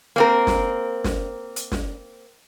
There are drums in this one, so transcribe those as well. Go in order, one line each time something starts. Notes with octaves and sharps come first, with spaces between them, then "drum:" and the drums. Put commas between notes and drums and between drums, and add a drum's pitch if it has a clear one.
A#3 C4 A#4
drum: snare
drum: snare
drum: hi-hat
drum: snare